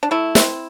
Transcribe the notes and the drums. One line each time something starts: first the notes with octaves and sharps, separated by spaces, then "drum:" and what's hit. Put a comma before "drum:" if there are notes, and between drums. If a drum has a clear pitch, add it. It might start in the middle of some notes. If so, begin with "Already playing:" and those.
D4
A3 E4
C4, drum: snare